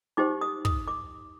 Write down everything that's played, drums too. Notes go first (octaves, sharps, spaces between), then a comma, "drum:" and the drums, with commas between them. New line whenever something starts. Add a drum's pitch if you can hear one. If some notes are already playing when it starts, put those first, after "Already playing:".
D#4 G4 C5 D6
D#6
D#6, drum: kick
D6